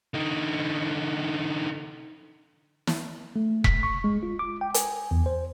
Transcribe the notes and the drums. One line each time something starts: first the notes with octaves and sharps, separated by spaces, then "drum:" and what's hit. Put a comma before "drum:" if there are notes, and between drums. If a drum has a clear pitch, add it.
D3 D#4
drum: snare
A3
B6, drum: kick E1
C#6
G#3
F4
D6
G5
G#5, drum: hi-hat
E2
C5